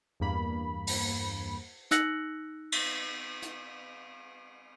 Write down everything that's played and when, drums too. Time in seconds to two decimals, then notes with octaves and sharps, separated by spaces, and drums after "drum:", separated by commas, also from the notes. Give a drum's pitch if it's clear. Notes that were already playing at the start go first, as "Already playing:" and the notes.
0.20 E2 G2 A#3 B5
0.87 drum: open hi-hat
1.91 D#4 E6 F#6 A#6 C#7 F#7, drum: hi-hat
2.72 drum: cymbal
3.42 drum: hi-hat